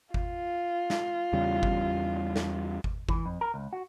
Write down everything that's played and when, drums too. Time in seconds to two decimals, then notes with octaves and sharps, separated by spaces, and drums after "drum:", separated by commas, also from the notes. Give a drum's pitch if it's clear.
0.14 F4, drum: kick G1
0.90 drum: snare
1.33 E2 C#3 G3
1.63 drum: kick G1
2.36 drum: snare
2.84 drum: kick G1
3.09 E3, drum: kick G1
3.26 F2
3.41 A#4
3.54 C#2
3.73 F#4